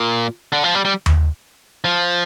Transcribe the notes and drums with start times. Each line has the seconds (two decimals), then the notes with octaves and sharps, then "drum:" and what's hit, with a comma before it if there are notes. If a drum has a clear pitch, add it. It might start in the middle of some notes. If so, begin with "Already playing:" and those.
Already playing: A#2
0.53 D3
0.64 F3
0.75 G3
0.85 G3
1.06 drum: tom D#2
1.84 F3